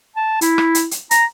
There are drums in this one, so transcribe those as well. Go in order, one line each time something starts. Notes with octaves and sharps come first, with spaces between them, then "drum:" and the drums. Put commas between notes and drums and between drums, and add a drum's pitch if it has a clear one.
A5
E4, drum: hi-hat
drum: rim click
drum: hi-hat
drum: hi-hat
A#5, drum: hi-hat